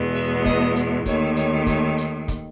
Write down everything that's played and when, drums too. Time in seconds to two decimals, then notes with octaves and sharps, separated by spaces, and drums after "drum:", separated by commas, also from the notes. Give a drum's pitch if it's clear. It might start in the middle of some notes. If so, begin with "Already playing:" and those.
Already playing: E2 B2 G#3 B3
0.14 E5
0.46 D#5, drum: kick, hi-hat
0.76 drum: hi-hat
1.06 D#2 D#3 A3 C#5, drum: kick, hi-hat
1.36 C#5, drum: hi-hat
1.67 C#5, drum: kick, hi-hat
1.98 drum: hi-hat
2.28 drum: kick, hi-hat